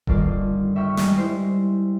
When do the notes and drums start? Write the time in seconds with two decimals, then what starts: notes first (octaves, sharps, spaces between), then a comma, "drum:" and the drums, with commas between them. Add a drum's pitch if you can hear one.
0.07 G1 D3 D#3 A#3 F4 D6, drum: kick D#1
0.75 C#5 E5 G5 C#6 F6 B6
0.97 G3 G#3 D#4, drum: snare
1.17 E4 C5